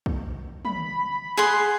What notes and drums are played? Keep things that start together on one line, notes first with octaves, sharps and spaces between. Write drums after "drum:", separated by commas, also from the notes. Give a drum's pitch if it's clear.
drum: kick
B5, drum: tom
G#4 F#5 C6